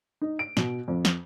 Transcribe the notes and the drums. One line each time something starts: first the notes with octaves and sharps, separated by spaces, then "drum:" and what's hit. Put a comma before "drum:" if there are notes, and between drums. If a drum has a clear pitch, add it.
D#4
D7
B2, drum: snare
F2
drum: snare